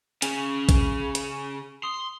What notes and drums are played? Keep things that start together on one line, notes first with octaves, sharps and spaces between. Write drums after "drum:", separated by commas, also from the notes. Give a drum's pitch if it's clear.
C#3 C#4, drum: hi-hat
drum: kick, hi-hat
drum: hi-hat
C6 D#6